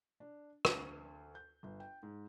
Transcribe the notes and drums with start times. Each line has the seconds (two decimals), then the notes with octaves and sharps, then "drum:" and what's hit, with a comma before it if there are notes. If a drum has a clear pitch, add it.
0.20 D4
0.65 D2, drum: rim click
1.35 G6
1.63 G1
1.80 G5
2.03 G#2